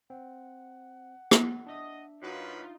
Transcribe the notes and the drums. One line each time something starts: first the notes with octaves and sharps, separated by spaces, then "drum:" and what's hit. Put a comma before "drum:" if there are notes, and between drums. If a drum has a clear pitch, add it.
C4 F#5
drum: rim click
D4 D#5 E5
F#2 D#4 F4 F#4 B4